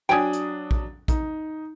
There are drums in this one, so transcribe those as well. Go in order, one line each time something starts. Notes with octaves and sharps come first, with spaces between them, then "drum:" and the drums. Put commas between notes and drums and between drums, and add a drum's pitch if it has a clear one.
F#3 D4 G5 G#5 D#6
drum: hi-hat
drum: kick A#1
D#4, drum: kick A#1, hi-hat